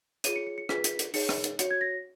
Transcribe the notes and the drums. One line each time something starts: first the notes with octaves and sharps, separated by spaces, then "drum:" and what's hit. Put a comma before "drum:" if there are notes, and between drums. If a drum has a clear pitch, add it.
F4 G#4 C#5 D#7, drum: hi-hat
C#7
C#7
C#7
F4 G#4 B4 B6, drum: rim click
drum: hi-hat
drum: hi-hat
D#4 G#4 C#5 C#7, drum: open hi-hat
drum: rim click
drum: hi-hat
F#4 C#5 C#7, drum: hi-hat
G#6
A#6